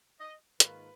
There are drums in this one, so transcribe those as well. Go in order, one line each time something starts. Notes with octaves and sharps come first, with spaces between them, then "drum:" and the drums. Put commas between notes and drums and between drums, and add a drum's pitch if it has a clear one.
D#5
G#2 D#3 A#3 F4 B4, drum: hi-hat